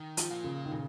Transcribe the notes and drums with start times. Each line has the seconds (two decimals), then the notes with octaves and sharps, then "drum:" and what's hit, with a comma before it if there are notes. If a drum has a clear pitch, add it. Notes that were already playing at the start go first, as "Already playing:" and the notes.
Already playing: D#3
0.17 F3, drum: hi-hat
0.30 A#3 F4
0.44 C#3
0.65 D#3
0.72 A#2 C#3